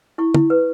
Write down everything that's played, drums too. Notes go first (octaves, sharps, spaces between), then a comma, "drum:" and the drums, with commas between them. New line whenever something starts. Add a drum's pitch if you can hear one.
E4 C#6
E4, drum: tom
B4